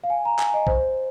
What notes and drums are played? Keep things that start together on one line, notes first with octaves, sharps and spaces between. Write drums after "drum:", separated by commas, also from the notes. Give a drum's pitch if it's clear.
F5
G#5
A#5
G#5, drum: clap
D#5
C5, drum: kick A#1